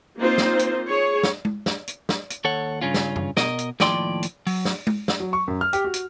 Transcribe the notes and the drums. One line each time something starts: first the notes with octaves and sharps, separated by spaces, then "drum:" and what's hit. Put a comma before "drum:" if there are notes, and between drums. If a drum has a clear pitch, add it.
A#3 C4 D#4 F4 C5
drum: snare
drum: hi-hat
G#4 C#5
drum: snare
drum: tom G#3
drum: snare
drum: hi-hat
drum: snare
drum: hi-hat
D#2 A4 C#5 F#5
G2 C#3 C#4 F4
drum: snare
drum: tom F#2
B2 A#4 D#5, drum: snare
drum: hi-hat
D#2 A2 F3 D5 G5 C6, drum: snare
drum: hi-hat
F#3, drum: open hi-hat
drum: snare
drum: tom G#3
drum: snare
F#3
C#6
F#2
F6
G4, drum: hi-hat
F#4
drum: hi-hat